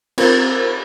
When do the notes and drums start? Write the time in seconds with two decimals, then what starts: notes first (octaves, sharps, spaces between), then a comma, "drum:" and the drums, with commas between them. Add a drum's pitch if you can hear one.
0.18 C4 F4 A#4, drum: cymbal